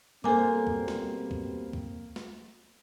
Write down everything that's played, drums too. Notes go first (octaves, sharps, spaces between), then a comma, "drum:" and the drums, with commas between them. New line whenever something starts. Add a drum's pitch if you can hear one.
B2 G3 A#3 C4 A4 C5 G#5 D6
drum: kick
drum: snare
drum: kick
drum: kick
drum: snare